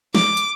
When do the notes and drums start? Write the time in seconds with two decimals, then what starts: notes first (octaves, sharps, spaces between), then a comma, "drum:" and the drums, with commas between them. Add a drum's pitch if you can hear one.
0.15 D6, drum: snare
0.37 drum: hi-hat